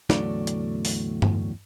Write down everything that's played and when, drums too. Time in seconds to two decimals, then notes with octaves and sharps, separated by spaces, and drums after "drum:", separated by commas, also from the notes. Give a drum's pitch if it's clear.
0.10 E2 A2 D3 F#3 A3 D5, drum: snare
0.47 drum: hi-hat
0.85 drum: open hi-hat
1.22 drum: tom G2